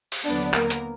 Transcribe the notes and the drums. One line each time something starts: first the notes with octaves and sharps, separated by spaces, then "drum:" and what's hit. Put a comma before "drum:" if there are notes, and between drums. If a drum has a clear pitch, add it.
drum: open hi-hat
D#2 D3 F#3 B3 D4 D5
A#3 A#4, drum: clap
drum: hi-hat